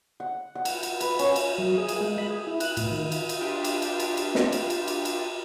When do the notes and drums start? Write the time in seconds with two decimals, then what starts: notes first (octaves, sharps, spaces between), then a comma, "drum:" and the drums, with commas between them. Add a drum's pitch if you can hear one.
0.20 F#5
0.55 F#5
0.65 drum: cymbal
0.83 drum: cymbal
1.01 B4, drum: cymbal
1.19 C#4, drum: cymbal
1.36 drum: cymbal
1.58 F#3
1.78 G#4
1.89 drum: cymbal
2.01 G#3
2.18 B5
2.31 G#4
2.47 E4
2.60 F#6, drum: cymbal
2.77 A2, drum: cymbal
2.91 D#3
3.12 drum: cymbal
3.29 drum: cymbal
3.40 D4 F4 G4
3.64 drum: cymbal
3.82 drum: cymbal
4.00 drum: cymbal
4.17 drum: cymbal
4.35 drum: snare
4.52 drum: cymbal
4.70 drum: cymbal
4.88 drum: cymbal
5.05 drum: cymbal